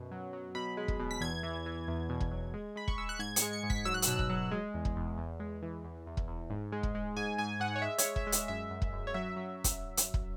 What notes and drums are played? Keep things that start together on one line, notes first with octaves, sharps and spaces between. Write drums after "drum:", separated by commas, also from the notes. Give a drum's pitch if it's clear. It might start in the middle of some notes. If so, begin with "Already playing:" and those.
Already playing: F#2 B2
F#3
F#3
B2 B5
G#3
drum: kick
B2
B6
E2 G#6
E3
E3
E2
B2
drum: kick
F#3
G#3
G#3 B5
C#6, drum: kick
G#3 E6
F#6
G#2 G#6
C#7, drum: hi-hat
G#3
C#7
G#2
B6, drum: kick
F#3 E6
F#6
E6, drum: hi-hat
B2
drum: kick
F#3
G#3
E2
drum: kick
E2
E2
G#3
E3
E2
E2
drum: kick
E2
G#2
G#3
drum: kick
G#3
G#2 G#5
G#2 G#5
G#2 F#5
C#5
G#3 E5
C#5, drum: hi-hat
G#3
E5, drum: kick
G#3
E5, drum: hi-hat
F#2 E5
F#2
drum: kick
F#2
C#5
F#3 E5
F#3
drum: kick, hi-hat
drum: hi-hat
drum: kick